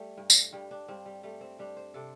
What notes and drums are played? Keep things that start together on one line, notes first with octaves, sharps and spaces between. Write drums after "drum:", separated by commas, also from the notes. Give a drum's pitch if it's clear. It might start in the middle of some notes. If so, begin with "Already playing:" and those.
Already playing: G3 A3
G2
drum: tambourine
G2 G3
D4
G2 C4
G3
G3 A3
C4
G3 D4
C5
C3 A4